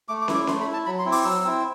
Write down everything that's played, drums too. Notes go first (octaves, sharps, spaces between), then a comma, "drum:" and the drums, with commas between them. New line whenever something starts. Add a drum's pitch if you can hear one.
A3 D6
D6
E4, drum: snare
D6
A3 C6, drum: snare
B5
E4
A5
F#3 B5
C6
C4 E4
D6, drum: open hi-hat
F#3 E6
C4 E4